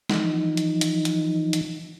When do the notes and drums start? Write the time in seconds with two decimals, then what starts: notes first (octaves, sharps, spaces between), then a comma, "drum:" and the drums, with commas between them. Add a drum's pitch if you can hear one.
0.10 E3 F3 D#4, drum: snare
0.57 drum: hi-hat
0.81 drum: hi-hat
1.05 drum: hi-hat
1.53 drum: hi-hat